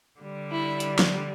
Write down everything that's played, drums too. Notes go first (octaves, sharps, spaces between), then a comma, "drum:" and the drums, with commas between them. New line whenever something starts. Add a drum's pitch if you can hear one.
D3 G3
E4
drum: hi-hat
drum: snare